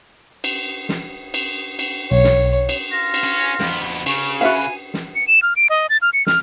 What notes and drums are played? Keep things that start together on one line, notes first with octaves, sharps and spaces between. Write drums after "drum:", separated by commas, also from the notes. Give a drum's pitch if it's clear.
drum: cymbal
drum: snare
drum: cymbal
drum: cymbal
B1 C#5
drum: snare
drum: cymbal
F4 A#6
drum: cymbal
C#4
F2 B3, drum: snare
C#3 C#6, drum: cymbal
F#4 B4 E5 F5 G#5
drum: snare
C#7
E7
F6
D7
D#5
A6
F6
C#7
F6, drum: snare